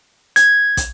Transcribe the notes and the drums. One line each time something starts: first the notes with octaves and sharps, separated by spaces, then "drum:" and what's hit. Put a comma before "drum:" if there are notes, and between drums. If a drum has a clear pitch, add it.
G#6, drum: hi-hat
drum: kick, hi-hat